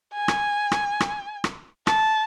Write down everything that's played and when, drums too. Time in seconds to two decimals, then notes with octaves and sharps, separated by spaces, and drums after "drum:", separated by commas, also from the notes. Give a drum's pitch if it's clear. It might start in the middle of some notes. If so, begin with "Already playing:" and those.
0.13 G#5
0.28 drum: rim click
0.72 drum: rim click
1.00 drum: rim click
1.44 drum: rim click
1.87 A5, drum: rim click